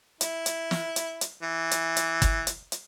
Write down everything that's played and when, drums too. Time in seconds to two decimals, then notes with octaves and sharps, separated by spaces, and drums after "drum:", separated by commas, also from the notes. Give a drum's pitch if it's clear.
0.21 E4, drum: hi-hat
0.46 drum: hi-hat
0.71 drum: snare
0.96 drum: hi-hat
1.21 drum: hi-hat
1.42 E3
1.71 drum: hi-hat
1.97 drum: hi-hat
2.22 drum: kick, hi-hat
2.47 drum: hi-hat
2.72 drum: hi-hat